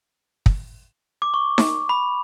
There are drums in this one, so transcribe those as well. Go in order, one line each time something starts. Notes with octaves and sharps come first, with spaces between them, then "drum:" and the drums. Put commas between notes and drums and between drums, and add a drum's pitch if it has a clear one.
drum: kick
D6
C#6
drum: snare D#4
B5